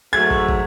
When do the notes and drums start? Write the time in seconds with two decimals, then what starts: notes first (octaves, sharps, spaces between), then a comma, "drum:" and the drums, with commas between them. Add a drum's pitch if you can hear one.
0.12 G#2 F#3 A3 G#6
0.30 drum: kick
0.48 drum: kick